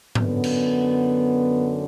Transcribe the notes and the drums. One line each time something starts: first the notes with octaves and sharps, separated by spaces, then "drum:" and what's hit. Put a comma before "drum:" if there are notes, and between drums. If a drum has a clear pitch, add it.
F#2 D3 B3, drum: tom G#2
drum: cymbal